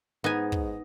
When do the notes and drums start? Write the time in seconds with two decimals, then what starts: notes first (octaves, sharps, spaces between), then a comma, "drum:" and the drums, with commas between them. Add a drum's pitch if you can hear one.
0.24 G#2 B3 D#4 G#5
0.52 drum: kick